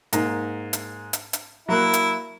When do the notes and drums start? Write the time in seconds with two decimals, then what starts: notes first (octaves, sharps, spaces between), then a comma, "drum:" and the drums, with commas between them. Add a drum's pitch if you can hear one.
0.13 G#2 A#3, drum: hi-hat
0.73 drum: hi-hat
1.13 drum: hi-hat
1.33 drum: hi-hat
1.69 F#3 A#3 E4 F#6
1.93 drum: hi-hat